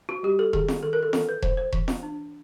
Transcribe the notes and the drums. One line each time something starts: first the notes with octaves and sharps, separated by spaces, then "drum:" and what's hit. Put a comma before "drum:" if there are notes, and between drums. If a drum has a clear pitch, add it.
F#4
G3 G4
A4
D#3 G#4, drum: kick E1
drum: snare
D#3 A4
A#4
A4
E3 A4, drum: snare
B4
E3 C5, drum: kick E1
C5
E3, drum: kick E1
drum: snare
D4